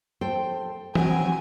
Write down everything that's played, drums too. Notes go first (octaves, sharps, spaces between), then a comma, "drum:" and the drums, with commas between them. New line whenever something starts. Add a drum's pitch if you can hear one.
A4 C5 G5
F#3 C4 F#4 G#5, drum: tom E3